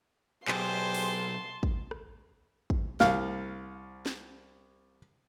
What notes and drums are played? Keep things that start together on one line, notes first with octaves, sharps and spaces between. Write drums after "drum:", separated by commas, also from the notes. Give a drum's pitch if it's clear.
B1 G4 G#4 C5 A5 C6, drum: clap
drum: open hi-hat
drum: kick
drum: rim click
drum: kick
C2 F5, drum: snare
drum: snare